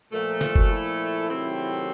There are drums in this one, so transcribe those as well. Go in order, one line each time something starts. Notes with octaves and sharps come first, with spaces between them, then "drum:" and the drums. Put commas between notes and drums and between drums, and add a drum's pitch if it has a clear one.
A#2 F3 A3 A#4
A#4
F4, drum: snare
F#4, drum: kick F#1
E4
C3 D#3 F#3 A3 C4